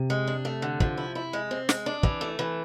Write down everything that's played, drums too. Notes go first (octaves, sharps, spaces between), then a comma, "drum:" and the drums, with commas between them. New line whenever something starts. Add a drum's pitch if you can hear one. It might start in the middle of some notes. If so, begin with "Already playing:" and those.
Already playing: C3
G#3
D4
A3
D3
F3, drum: kick
E4
E4
G#3
C4
G#3, drum: snare
D4
E3, drum: kick
A3
E3